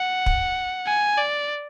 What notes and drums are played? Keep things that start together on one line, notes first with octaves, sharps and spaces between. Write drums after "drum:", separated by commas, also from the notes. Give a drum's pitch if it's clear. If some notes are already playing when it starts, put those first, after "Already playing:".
Already playing: F#5
drum: kick
G#5
D5